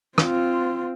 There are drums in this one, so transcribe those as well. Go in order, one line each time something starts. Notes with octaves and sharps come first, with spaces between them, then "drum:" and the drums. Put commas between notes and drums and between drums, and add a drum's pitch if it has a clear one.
C4 F4, drum: rim click